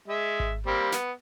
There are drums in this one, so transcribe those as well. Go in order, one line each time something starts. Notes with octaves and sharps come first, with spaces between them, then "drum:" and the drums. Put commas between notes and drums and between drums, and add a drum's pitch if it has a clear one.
G#3 E5
drum: kick G#1
G3 A#3 C4
B3, drum: snare